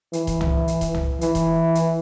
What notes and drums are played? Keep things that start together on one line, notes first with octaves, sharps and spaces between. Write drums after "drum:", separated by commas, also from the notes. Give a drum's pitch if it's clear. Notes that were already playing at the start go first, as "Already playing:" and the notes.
E3, drum: hi-hat
drum: kick D#1, hi-hat
drum: tom
drum: hi-hat
drum: kick D#1, hi-hat
drum: tom
E3, drum: hi-hat
drum: kick D#1, hi-hat
drum: hi-hat